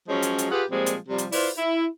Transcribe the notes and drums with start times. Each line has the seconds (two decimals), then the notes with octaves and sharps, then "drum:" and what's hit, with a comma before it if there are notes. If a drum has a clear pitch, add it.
0.09 F3 F#3 G#3 C#4
0.22 drum: hi-hat
0.38 drum: hi-hat
0.51 F4 G4 G#4 B4 F#5
0.70 A#2 F3 G3 G#3 C4
0.86 drum: hi-hat
1.08 C3 F3 G3
1.18 drum: hi-hat
1.32 E4 F4 B4 C5 D5, drum: open hi-hat
1.58 E4